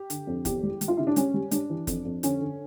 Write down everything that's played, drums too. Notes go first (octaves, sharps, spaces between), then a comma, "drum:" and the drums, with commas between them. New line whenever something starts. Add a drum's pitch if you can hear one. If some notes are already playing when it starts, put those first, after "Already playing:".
Already playing: G4
D3, drum: hi-hat
F2
E2 G4, drum: kick F#1, hi-hat
G3
G3, drum: hi-hat
F4
C#3 E4
D4
G3 C#4, drum: hi-hat
G3
G3 D4, drum: hi-hat
E3
F2, drum: kick F#1, hi-hat
F2
D3 C#4, drum: hi-hat
D3